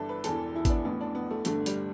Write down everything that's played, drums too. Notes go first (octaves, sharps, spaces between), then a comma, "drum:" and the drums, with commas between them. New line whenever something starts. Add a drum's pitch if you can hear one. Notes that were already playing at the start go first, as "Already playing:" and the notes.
Already playing: G1 G2 E3 D4 E4 A4
B4
E1 E2 E3 A4, drum: hi-hat
E4
B3, drum: kick G#1, hi-hat
D4
A1 A2 E3 B3
D4
B3
A3
G1 G2 D3 A3, drum: hi-hat
G3, drum: hi-hat